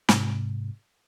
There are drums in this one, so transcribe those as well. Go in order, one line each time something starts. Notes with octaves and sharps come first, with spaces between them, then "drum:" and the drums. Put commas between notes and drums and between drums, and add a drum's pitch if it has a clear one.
G#2 C3, drum: snare